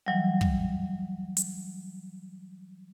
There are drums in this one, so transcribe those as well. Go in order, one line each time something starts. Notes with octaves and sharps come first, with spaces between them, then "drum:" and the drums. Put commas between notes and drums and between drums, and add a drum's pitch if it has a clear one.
E3 F#3 G3
drum: kick
drum: hi-hat